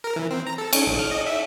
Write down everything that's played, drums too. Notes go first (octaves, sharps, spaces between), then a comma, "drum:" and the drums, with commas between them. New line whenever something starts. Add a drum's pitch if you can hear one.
A#4
E3
C4
A#5
A4
C#4, drum: cymbal
A#1
F6
D#5
E5